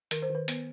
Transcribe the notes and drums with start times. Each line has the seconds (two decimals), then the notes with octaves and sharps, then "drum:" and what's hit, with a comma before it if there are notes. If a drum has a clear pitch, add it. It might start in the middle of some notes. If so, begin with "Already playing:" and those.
0.11 D#3 A#4, drum: hi-hat
0.22 C5
0.30 D#3
0.35 B4
0.48 B3, drum: hi-hat